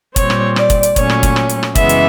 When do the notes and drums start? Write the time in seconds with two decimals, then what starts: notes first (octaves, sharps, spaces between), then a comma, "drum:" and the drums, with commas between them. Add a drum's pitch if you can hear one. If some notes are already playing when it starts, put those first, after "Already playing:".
0.16 A#2 G3 C4 C#5, drum: kick, hi-hat
0.30 drum: rim click
0.56 D5, drum: rim click
0.70 drum: kick, hi-hat
0.83 drum: hi-hat
0.96 A#2 F#3 A3 C#4 C#5, drum: kick, hi-hat
1.10 drum: rim click
1.23 drum: kick, hi-hat
1.36 drum: rim click
1.49 drum: hi-hat
1.63 drum: rim click
1.75 F#2 C#3 E3 G#3 B3 E5, drum: kick, hi-hat
1.89 drum: hi-hat